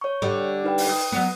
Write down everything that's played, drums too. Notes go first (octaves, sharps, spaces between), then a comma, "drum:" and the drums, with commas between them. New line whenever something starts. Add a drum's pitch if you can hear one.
C#5 C#6
D3 G3
D#4 B4 G5
drum: open hi-hat
D#6
F#3 B3